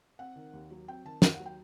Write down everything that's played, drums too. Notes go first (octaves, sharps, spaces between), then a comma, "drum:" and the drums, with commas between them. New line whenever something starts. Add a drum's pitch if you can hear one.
C4 F#5
D#3
D#2
F#3
C4 G5
D#3 A5
D#2 G5, drum: snare
F#5
F#3
G5